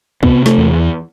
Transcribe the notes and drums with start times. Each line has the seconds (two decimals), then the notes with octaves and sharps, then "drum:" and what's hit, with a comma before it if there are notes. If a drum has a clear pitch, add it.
0.23 C3 B3, drum: kick
0.46 A3, drum: snare
0.58 E2